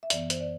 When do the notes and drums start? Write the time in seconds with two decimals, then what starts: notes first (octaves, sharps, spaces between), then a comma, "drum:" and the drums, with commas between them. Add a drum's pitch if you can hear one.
0.03 E5
0.10 F#2 E3 B3 D5, drum: hi-hat
0.30 C5, drum: hi-hat
0.40 D5